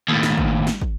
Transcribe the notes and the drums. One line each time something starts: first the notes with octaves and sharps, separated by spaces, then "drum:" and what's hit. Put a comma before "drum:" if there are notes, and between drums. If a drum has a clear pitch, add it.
D#2 A2
drum: snare
drum: kick
drum: snare
drum: kick